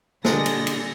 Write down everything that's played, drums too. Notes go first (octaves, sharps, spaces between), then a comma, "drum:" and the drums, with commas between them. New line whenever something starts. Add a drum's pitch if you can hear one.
A#2 D3 G3 G#3 G#4 A4 A#6, drum: snare
drum: cymbal
drum: cymbal